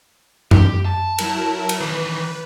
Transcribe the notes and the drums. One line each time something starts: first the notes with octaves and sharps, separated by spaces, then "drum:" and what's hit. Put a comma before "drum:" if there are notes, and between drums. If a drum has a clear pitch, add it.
G4, drum: tom F#2
A5
F#3 E4 A#4, drum: cymbal
drum: cymbal
D#3 E3 B4